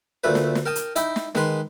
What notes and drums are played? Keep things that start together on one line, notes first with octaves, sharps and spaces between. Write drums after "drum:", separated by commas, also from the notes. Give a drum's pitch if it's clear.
D2 A#2 A3 B4
drum: snare
drum: snare
A#4 G5 A5 D#6
drum: hi-hat
D#4 E4 G5 B5, drum: hi-hat
drum: snare
D#3 G#3 B4 C6, drum: snare